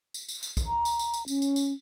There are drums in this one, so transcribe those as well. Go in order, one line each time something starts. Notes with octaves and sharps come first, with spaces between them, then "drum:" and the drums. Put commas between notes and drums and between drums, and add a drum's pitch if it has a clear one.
drum: tambourine
drum: tambourine
drum: tambourine
drum: kick, tambourine
A#5
drum: tambourine
drum: tambourine
drum: tambourine
C#4, drum: tambourine
drum: tambourine
drum: tambourine